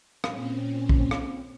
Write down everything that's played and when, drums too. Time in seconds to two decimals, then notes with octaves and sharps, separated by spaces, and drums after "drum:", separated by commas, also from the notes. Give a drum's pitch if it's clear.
0.24 A#2 C4 C#4, drum: rim click
0.89 drum: kick
1.11 drum: rim click